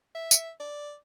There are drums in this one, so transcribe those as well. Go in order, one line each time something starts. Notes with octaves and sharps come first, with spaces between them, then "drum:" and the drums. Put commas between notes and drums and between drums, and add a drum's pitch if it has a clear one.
E5
drum: tambourine
D5